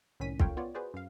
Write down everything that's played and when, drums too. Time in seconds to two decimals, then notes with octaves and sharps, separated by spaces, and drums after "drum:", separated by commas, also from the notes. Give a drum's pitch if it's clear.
0.20 C2 A2 D#3 C#4 B6 D#7
0.40 F4 A4 A#4 C#5 F5 G5, drum: kick
0.57 B3 F4 C#5 D5
0.75 F#4 G#4 B4 C5 D5
0.94 F#2 F5